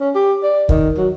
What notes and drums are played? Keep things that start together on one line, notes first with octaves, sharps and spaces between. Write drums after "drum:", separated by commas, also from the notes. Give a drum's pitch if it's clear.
C#4
G4
D5
D#3, drum: kick
F#3